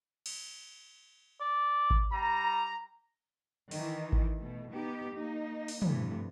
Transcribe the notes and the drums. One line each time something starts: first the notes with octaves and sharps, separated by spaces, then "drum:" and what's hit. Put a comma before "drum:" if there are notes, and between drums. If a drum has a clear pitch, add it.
drum: cymbal
D5
drum: kick G#1
G3 A#5
D#3 E3, drum: open hi-hat
drum: kick G#1
B2 A3
B3 D#4 G4
A#3 D#4
drum: open hi-hat
G2 C3 E3 F3 A3 B3, drum: tom